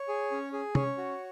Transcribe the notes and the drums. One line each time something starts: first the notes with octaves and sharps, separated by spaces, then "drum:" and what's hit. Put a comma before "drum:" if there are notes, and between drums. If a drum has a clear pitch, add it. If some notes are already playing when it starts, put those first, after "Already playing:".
Already playing: C#5
G#4
C#4
G#4
C#4 C#5, drum: tom
F#4